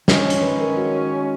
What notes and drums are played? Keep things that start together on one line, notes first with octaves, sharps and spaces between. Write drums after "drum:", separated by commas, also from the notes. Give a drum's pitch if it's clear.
D#3 G#3 C#4 C#5, drum: snare
drum: hi-hat
B4
A#4
F#4